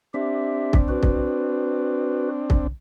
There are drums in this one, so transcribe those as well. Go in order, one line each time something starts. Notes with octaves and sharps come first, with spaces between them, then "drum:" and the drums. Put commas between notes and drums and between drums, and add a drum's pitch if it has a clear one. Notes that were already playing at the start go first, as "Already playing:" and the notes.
C4 D4 G4 E5
drum: kick
F#4 B4
drum: kick
drum: kick